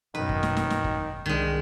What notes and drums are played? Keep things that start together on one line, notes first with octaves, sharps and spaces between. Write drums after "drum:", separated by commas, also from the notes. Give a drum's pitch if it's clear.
F#2 B2 D#3 B4
drum: kick
drum: snare
drum: snare
drum: snare
drum: kick
C2 D#3 G#3 D4